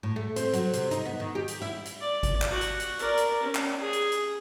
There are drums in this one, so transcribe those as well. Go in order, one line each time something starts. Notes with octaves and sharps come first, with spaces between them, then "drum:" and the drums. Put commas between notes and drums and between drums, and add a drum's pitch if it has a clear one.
A2
A3
C4, drum: hi-hat
F#3, drum: hi-hat
C3, drum: hi-hat
D#4, drum: hi-hat
B3
D#3
G4
drum: hi-hat
E4
drum: hi-hat
D5
drum: kick G#1, hi-hat
drum: clap
F#4
drum: hi-hat
drum: hi-hat
A#4 D5, drum: hi-hat
drum: hi-hat
C#4
drum: clap
G#4
drum: hi-hat
drum: hi-hat